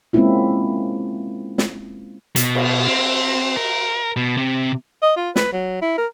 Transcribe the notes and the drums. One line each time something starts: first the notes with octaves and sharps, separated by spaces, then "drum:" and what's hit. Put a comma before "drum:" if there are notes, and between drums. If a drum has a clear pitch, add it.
G#3 A#3 C4 C#4 E4 F4
drum: snare
B2, drum: hi-hat
drum: cymbal
C4
A#4
B2
C3
D#5
F4
B4, drum: snare
F#3
E4
A#4